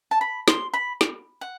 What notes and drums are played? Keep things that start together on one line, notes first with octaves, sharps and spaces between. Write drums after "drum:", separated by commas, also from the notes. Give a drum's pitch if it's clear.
A5
B5
C6, drum: snare
B5
drum: snare
F#5